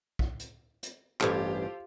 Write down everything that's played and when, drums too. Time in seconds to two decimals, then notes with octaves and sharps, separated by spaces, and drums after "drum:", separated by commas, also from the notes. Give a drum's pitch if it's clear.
0.19 drum: kick
0.40 drum: hi-hat
0.83 drum: hi-hat
1.21 A1 G2 E3 F4 G4 A4 C5 C#5, drum: clap